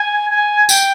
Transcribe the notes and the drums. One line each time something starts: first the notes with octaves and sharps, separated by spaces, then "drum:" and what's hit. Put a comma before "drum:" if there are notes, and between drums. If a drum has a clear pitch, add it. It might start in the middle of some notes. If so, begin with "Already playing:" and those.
Already playing: G#5
G#5
G5, drum: tambourine